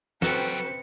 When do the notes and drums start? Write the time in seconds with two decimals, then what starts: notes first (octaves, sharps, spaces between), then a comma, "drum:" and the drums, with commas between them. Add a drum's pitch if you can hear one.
0.22 F#3 C4 F#4 A4 B4 G5 C#7, drum: snare